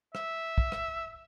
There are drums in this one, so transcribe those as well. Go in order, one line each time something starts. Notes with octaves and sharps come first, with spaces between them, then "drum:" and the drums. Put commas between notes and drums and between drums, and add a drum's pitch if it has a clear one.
E5, drum: rim click
drum: kick
drum: rim click